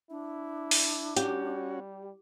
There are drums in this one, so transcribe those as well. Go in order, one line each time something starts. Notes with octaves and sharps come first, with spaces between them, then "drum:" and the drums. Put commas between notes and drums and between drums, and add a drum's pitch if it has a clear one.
D4 E4
drum: open hi-hat
G3 C#4 F#4 G4, drum: hi-hat